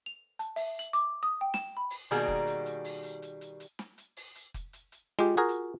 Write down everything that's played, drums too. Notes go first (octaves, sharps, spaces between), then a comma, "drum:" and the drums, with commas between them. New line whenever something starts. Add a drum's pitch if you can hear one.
F7
A5, drum: hi-hat
E5, drum: open hi-hat
F#7, drum: hi-hat
D6, drum: hi-hat
D#6
G5
E7, drum: snare
B5
drum: open hi-hat
B2 D#3 G3 A#3 F#4 G#4
drum: kick F1
drum: hi-hat
drum: hi-hat
drum: open hi-hat
drum: hi-hat
drum: hi-hat
drum: hi-hat
drum: hi-hat
drum: snare
drum: hi-hat
drum: open hi-hat
drum: hi-hat
drum: kick F1, hi-hat
drum: hi-hat
drum: hi-hat
G#3 F4 G4
F#4 G#4 A#4
drum: hi-hat